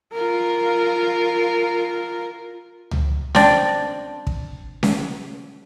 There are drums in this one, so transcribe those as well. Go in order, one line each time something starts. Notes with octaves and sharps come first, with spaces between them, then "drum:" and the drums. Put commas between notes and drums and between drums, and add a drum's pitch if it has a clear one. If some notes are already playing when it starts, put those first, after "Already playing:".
F4 A#4
drum: tom C#2
C4 D4, drum: snare C#4
drum: kick
drum: snare C#4